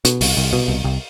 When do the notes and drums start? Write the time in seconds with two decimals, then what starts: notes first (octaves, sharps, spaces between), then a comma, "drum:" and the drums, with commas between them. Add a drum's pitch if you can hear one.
0.05 B2, drum: hi-hat
0.21 C2, drum: open hi-hat
0.37 C2
0.53 B2
0.68 C2
0.84 C2